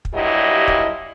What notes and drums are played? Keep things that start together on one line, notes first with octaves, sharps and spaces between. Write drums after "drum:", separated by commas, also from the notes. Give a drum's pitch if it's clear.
drum: kick
G2 A#2 F#3 E4 G4 D#5
drum: kick